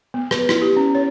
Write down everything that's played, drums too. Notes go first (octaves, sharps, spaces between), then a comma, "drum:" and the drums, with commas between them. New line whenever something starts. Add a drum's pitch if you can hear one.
B3
B4, drum: rim click
E4, drum: rim click
G4
C#4
C#5